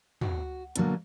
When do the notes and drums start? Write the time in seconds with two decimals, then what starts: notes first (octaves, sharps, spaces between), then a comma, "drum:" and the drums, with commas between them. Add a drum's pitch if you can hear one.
0.21 F#4, drum: tom
0.76 B2 D3 F#3 A#3, drum: hi-hat